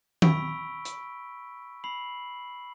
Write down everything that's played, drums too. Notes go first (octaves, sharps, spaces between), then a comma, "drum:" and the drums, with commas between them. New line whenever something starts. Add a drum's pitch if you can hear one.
B5 C#6 E6 B6 D7 G7, drum: tom D#3
drum: hi-hat
B5 C7 F#7